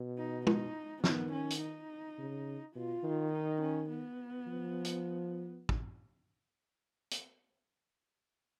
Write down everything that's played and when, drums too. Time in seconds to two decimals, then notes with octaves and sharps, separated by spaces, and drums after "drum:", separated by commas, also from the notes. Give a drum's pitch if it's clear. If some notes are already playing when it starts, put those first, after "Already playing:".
Already playing: B2
0.18 D#4
0.47 D#4, drum: tom G#3
1.04 D#3 B3, drum: snare
1.33 C#4
1.50 drum: hi-hat
1.61 D#4
2.18 C#3
2.75 B2 F4
3.04 D#3
3.33 D#4
3.61 C#4
3.90 B3
4.47 F3
4.84 drum: hi-hat
5.69 drum: kick
7.11 drum: hi-hat